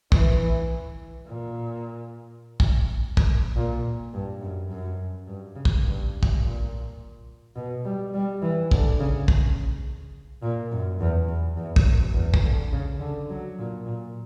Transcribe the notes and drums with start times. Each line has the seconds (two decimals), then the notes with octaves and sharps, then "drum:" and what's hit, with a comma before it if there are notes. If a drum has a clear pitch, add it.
0.12 E3, drum: kick
1.26 A#2
2.60 drum: kick
3.17 drum: kick
3.56 A#2
4.13 G2
4.41 F#2
4.70 F#2
5.27 G2
5.56 C#3
5.65 drum: kick
5.85 G2
6.23 drum: kick
6.41 A#2
7.56 B2
7.85 G3
8.14 G3
8.42 E3
8.71 D3, drum: kick
9.00 C#3
9.28 drum: kick
10.42 A#2
10.71 F#2
11.00 E2
11.28 E2
11.57 E2
11.76 drum: kick
11.86 F#2
12.14 E2
12.34 drum: kick
12.43 D3
12.72 C#3
13.00 D3
13.30 F#3
13.58 A#2
13.86 A#2